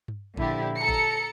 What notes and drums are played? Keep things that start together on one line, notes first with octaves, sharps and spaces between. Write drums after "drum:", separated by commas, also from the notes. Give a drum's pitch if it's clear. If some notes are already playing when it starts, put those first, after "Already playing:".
drum: tom G2
A#1 D3 E4 G4 D5, drum: kick
A4 A#5 C#7
drum: kick